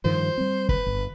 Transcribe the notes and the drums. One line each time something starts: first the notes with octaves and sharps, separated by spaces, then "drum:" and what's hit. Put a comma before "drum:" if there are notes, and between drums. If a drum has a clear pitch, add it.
G2 D#3 F3 C5
G3 C4
B4, drum: kick
G1